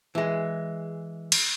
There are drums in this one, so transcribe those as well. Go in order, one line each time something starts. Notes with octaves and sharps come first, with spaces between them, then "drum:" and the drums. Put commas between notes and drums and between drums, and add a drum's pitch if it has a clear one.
E3 G#3
drum: cymbal